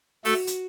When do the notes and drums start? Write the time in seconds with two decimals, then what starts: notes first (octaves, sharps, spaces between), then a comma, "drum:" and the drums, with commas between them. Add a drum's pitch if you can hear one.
0.25 A3 F#4 A4, drum: open hi-hat
0.47 drum: hi-hat